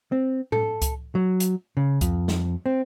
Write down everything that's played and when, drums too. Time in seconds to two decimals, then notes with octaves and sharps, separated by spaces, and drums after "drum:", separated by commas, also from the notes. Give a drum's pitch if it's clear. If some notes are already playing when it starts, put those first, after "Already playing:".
0.12 C4
0.52 A4, drum: tom A2
0.82 drum: kick C#2, hi-hat
1.15 F#3
1.40 drum: hi-hat
1.77 C#3
2.01 F2, drum: kick C#2, hi-hat
2.28 drum: snare
2.66 C4